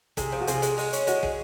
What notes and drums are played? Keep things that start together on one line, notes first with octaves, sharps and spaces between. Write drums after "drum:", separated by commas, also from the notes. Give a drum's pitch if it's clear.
C3 G#4, drum: kick, hi-hat
F3
F#4
C3 G#4, drum: hi-hat
G#3, drum: hi-hat
G#3, drum: open hi-hat
C#4, drum: hi-hat
G#3 F#4, drum: hi-hat
G#4, drum: kick